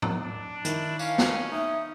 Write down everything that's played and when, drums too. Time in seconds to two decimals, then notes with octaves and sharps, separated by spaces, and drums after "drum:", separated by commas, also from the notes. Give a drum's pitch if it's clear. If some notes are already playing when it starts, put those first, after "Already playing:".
0.02 drum: tom
0.19 D4
0.65 D#3 E4, drum: hi-hat
0.99 C#4 F5, drum: tambourine
1.18 drum: snare
1.51 D#4 E5